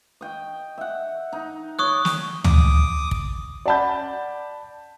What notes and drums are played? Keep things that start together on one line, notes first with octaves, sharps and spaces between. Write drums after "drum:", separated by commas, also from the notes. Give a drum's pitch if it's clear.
D#5 G5
E5 F#5
D#4
C#5 D5 C#6 D#6 F#6
drum: snare
D6 D#6, drum: tom
drum: kick
D5 F#5 A5 B5 G6